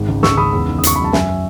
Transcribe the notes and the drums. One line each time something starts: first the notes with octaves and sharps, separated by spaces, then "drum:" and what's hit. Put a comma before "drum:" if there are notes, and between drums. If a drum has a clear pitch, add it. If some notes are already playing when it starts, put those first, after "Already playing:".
Already playing: G#1 G#3
C#2
C#2 C#6 E6, drum: snare
C#3 B5 D#6
E2
D#3
D#6
E2 C#6, drum: hi-hat
F#3 B5
A5
F#2 E5 G#5, drum: snare